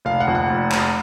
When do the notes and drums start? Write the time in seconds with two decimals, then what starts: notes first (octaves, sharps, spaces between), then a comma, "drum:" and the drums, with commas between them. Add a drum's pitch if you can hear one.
0.05 F1 F5
0.20 F#5
0.28 F2
0.35 F#5
0.50 F1
0.72 F1, drum: clap